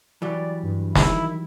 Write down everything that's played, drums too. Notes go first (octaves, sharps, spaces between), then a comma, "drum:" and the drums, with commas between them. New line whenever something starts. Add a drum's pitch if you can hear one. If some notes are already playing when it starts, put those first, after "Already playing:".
E3 F#3 G3 D5
G2
D#3 E4, drum: snare